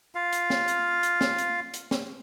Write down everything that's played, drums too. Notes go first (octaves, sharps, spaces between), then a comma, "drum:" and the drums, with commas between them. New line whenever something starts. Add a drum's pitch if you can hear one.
F4 F5
drum: hi-hat
drum: snare
drum: hi-hat
drum: hi-hat
drum: snare
drum: hi-hat
drum: hi-hat
drum: snare